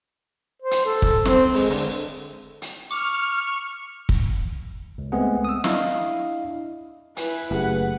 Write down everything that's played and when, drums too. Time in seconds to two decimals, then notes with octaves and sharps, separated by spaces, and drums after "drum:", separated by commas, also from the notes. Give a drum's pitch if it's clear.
0.62 C5
0.71 drum: hi-hat
0.86 A4
1.02 drum: kick
1.25 C4, drum: snare
1.54 G#3, drum: open hi-hat
1.70 D3, drum: open hi-hat
2.62 drum: hi-hat
2.91 C#6 D6 F6
4.09 drum: kick
4.98 C#2
5.12 G#3 A3 B3 C4 G#4 F#5
5.45 D#6 E6
5.64 D4 E4 D#5 F5, drum: snare
7.17 E4 B4 G#5, drum: hi-hat
7.51 F#1 A3 G4 G#4 B4 F#5